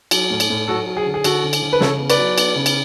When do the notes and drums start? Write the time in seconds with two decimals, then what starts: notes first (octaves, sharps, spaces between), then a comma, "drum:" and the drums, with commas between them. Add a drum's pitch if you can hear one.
0.11 F#3, drum: cymbal
0.30 A2
0.40 drum: cymbal
0.50 A2
0.68 F#3 F#4 A4
0.87 F#3
0.97 G#4
1.06 D3
1.14 G#4
1.24 D3 F#4 A4, drum: cymbal
1.44 D3
1.53 drum: cymbal
1.62 D3
1.73 B4
1.81 C#3 A4 C#5, drum: snare
1.99 B3
2.10 B4 D5, drum: cymbal
2.18 F#3
2.38 B3, drum: cymbal
2.56 C#3
2.66 drum: cymbal